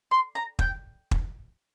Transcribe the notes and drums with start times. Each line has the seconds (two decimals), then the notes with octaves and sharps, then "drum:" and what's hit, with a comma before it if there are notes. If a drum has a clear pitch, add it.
0.11 C6
0.35 A#5
0.59 G5, drum: kick
1.11 drum: kick